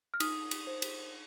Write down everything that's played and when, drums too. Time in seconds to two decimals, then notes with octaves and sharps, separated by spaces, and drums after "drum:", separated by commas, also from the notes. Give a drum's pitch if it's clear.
0.14 F6
0.20 D#4 D#6, drum: cymbal
0.51 drum: cymbal
0.67 C5
0.82 drum: cymbal